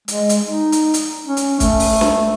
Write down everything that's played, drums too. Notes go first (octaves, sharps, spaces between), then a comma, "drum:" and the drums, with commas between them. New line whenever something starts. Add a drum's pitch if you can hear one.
G#3, drum: hi-hat
drum: hi-hat
D#4
drum: hi-hat
drum: hi-hat
C#4
drum: hi-hat
A3, drum: kick, hi-hat
drum: open hi-hat
drum: snare